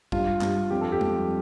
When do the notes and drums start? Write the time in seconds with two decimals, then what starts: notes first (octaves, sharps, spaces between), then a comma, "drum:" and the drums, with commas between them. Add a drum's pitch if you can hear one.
0.12 G2 F4, drum: kick
0.41 G2, drum: clap
0.71 F2 G4
0.81 A4
0.92 G4
1.01 F2, drum: tom